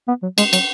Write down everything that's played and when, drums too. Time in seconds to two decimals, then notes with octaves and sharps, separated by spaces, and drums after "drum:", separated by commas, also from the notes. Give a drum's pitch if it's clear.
0.08 B3
0.23 F#3
0.38 G#3, drum: cymbal
0.53 F#3, drum: cymbal